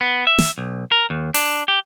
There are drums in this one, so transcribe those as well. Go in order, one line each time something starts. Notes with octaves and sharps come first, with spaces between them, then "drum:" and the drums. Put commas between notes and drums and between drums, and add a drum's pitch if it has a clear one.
B3
E5
drum: snare
B1
A#4
D#2
D4, drum: open hi-hat
G4